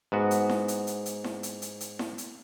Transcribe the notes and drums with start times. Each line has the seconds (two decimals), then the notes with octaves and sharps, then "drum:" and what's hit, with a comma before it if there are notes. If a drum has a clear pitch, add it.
0.12 G#2 B3 F#4
0.31 drum: hi-hat
0.49 drum: snare E4
0.68 drum: hi-hat
0.87 drum: hi-hat
1.06 drum: hi-hat
1.24 drum: snare E4
1.43 drum: hi-hat
1.62 drum: hi-hat
1.81 drum: hi-hat
1.99 drum: snare E4
2.18 drum: hi-hat